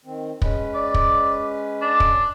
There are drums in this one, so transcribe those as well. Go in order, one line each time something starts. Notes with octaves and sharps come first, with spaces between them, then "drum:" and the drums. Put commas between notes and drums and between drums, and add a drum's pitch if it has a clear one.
D#3 C4
G#3 C#4 B4, drum: kick
D5
drum: kick
D4
drum: kick